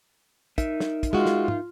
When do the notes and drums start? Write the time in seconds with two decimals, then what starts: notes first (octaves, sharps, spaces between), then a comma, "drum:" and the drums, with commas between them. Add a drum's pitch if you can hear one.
0.58 D#4 A#4 E5, drum: kick, hi-hat
0.80 drum: snare
1.03 drum: kick, hi-hat
1.13 G#3 F4 F#4
1.26 drum: snare
1.48 drum: tom